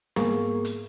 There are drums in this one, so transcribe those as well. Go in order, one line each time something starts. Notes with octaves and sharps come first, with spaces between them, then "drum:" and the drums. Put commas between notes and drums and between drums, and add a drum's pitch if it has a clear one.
G#2 A#3 B3 G#4 A#4 C#6, drum: snare
drum: hi-hat